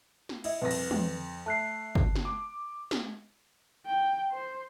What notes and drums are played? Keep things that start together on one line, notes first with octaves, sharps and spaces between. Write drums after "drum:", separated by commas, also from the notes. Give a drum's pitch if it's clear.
drum: snare
E4 D#5, drum: cymbal
C2 F2 B4 A#6
drum: cymbal
F2, drum: tom
A3 A5 F#6 C7
drum: kick
drum: snare
D6
drum: snare
G5
C5